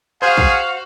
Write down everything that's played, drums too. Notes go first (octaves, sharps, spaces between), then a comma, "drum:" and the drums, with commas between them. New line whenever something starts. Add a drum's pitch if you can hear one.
F#4 G#4 C5 F5
drum: kick